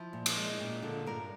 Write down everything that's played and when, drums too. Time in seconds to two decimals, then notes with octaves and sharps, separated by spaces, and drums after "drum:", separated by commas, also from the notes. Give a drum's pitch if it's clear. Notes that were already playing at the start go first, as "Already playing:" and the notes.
Already playing: F3 E4
0.13 A#2
0.26 drum: cymbal
0.37 G#3
0.60 A#2
0.82 D3 F4
1.06 G2 A#4